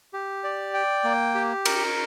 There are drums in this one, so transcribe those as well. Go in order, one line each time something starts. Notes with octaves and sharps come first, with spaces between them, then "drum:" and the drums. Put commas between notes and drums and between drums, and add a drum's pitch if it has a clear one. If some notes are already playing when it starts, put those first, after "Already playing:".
G4
D5
G5
A#3
G4
A#4, drum: cymbal